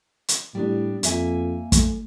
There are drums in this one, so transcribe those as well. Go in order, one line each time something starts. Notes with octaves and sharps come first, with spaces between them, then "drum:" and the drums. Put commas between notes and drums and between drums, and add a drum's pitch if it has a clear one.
drum: hi-hat
A2 G3 B3 D4
F2 A#3 E5 G#5, drum: hi-hat
A3, drum: kick, hi-hat